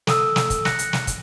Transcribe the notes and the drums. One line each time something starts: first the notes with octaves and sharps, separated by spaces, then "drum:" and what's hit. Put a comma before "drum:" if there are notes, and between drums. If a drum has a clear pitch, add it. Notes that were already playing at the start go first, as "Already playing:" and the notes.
A4 D#6 E6, drum: snare
drum: snare
drum: kick, hi-hat
F#6 A#6 C#7, drum: snare
drum: hi-hat
drum: snare
drum: kick, hi-hat